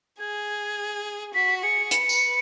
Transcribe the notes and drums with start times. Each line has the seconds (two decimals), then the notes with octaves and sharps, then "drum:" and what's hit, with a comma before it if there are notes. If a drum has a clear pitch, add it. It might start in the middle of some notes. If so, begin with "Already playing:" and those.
0.20 G#4 G#6
1.34 F#4 B6
1.63 G#4 C#7
1.91 B4 C#7, drum: hi-hat
2.09 drum: tambourine